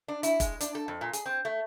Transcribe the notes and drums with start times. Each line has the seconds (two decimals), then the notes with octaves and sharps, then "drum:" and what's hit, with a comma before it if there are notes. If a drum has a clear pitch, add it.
0.08 D4
0.23 E4, drum: hi-hat
0.40 G#3, drum: kick, hi-hat
0.61 D4, drum: hi-hat
0.75 A4
0.88 F2
1.01 A#2
1.13 G#4, drum: hi-hat
1.26 C4
1.45 A3